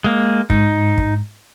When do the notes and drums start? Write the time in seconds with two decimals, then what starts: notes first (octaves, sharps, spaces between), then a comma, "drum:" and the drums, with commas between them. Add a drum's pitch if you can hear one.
0.04 G#3 A#3
0.50 G#2 D#4, drum: kick
0.98 drum: kick